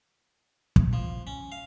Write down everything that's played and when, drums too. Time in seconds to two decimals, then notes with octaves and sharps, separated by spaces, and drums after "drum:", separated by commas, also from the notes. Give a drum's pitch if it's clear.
0.76 drum: kick
0.93 F3
1.27 C#4
1.52 F5